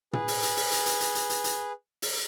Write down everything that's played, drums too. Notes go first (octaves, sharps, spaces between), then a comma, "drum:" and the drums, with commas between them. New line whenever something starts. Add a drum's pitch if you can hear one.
G#4 B4, drum: tom
drum: open hi-hat
drum: hi-hat
drum: open hi-hat
drum: hi-hat
drum: hi-hat
drum: hi-hat
drum: hi-hat
drum: hi-hat
drum: hi-hat
drum: open hi-hat